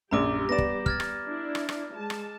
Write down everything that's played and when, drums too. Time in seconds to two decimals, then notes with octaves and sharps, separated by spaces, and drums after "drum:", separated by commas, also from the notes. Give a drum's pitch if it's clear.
0.11 A#1 F#2 G3 G4 A#5 D6
0.49 B3 D5 A#6 E7
0.58 drum: kick
0.86 F6 G#6 A6, drum: kick
1.00 drum: rim click
1.25 D4 E4
1.55 drum: rim click
1.69 drum: rim click
1.94 G#3 A5
2.10 drum: rim click